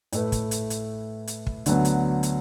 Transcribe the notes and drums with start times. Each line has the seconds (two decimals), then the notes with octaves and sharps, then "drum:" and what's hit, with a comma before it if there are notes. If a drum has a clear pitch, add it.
0.12 A2 A3 E4 B4, drum: hi-hat
0.32 drum: kick, hi-hat
0.51 drum: hi-hat
0.70 drum: hi-hat
1.27 drum: hi-hat
1.47 drum: kick
1.66 D2 D3 F#3 B3, drum: hi-hat
1.85 drum: hi-hat
2.23 drum: hi-hat